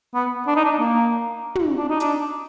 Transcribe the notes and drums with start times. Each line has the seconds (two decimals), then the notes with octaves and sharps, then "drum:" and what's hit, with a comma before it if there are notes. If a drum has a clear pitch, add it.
0.14 B3
0.47 D4
0.56 D#4
0.65 D4
0.79 A#3
1.55 drum: tom
1.76 D4
1.89 D#4
2.00 D4, drum: hi-hat